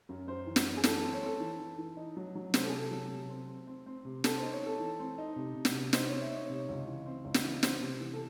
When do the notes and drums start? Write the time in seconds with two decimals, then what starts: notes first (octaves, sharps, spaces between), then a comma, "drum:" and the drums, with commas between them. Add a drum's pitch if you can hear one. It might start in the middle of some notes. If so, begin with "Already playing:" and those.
0.09 F#2
0.28 F#2 C5
0.47 E3
0.56 drum: snare
0.66 F#2
0.77 G#4
0.84 E3 A4, drum: snare
0.98 A4
1.04 C4
1.13 C#5
1.22 C4 A4
1.40 E3
1.60 E3
1.79 E3
1.97 D#4
2.17 F#3
2.35 F#3
2.54 C3 C5, drum: snare
2.62 A4
2.69 G#4
2.72 C3
2.78 A4
2.91 F#3
3.10 C3
3.29 C4
3.48 C4
3.67 C4
3.86 C4
4.05 C3
4.24 C4 A4, drum: snare
4.38 D#4 C5
4.52 C#5
4.62 C4 A4
4.79 E3
4.99 C4
5.18 D#4
5.36 C3
5.55 C3
5.65 drum: snare
5.74 C3
5.93 D#4 C5, drum: snare
6.08 C4 C#5
6.21 E5
6.30 D#4
6.36 C#5
6.50 C3
6.69 C#2
6.88 E3
7.06 C4
7.25 C#2
7.34 drum: snare
7.43 E3
7.63 C4 C5, drum: snare
7.81 C3
8.00 E3
8.13 A4